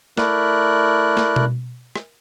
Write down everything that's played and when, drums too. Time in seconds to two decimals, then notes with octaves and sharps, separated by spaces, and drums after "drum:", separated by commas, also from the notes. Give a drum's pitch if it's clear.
0.17 A3 E4 A#4 D5 F#6, drum: snare
1.17 drum: snare
1.36 drum: tom B2
1.95 drum: rim click